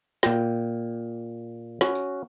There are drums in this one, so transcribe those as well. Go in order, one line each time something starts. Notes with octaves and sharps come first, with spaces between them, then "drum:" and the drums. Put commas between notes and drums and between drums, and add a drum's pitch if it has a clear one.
A#2 G5, drum: snare
C#4 F#4, drum: snare
drum: tambourine